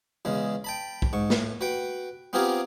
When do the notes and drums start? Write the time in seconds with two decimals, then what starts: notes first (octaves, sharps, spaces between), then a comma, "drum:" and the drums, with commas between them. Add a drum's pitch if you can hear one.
0.25 E2 C#3 G#3
0.64 G5 A5 B5
1.02 drum: kick
1.13 G#2 C#6
1.30 A2, drum: snare
1.61 F#4 B4 F#5 G5
2.33 B3 C4 F4 G4 G#4 A#4